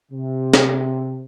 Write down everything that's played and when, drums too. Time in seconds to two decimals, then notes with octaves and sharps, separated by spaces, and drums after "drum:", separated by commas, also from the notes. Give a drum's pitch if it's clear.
0.12 C3
0.54 drum: snare